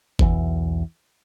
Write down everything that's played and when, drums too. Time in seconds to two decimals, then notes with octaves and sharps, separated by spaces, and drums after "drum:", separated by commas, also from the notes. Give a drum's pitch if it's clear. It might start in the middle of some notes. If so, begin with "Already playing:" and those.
0.19 B1 E2 E3, drum: kick G1